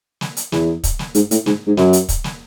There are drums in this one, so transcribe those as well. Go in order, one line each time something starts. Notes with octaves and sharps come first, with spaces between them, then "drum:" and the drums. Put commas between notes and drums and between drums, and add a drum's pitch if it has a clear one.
drum: snare
drum: hi-hat
E2, drum: snare
drum: kick, hi-hat
drum: snare
G#2, drum: hi-hat
A2, drum: hi-hat
G#2, drum: snare
G#2
F#2, drum: snare
drum: hi-hat
drum: kick, hi-hat
drum: snare